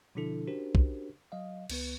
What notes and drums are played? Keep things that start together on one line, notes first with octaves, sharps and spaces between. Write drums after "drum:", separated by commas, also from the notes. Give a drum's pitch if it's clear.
B2 D3 F3 D4 E4 A4
C#4 D4 F#4 G4 A#4 C5
drum: kick
F#3 D#5 F5
C#2 B3 B4, drum: cymbal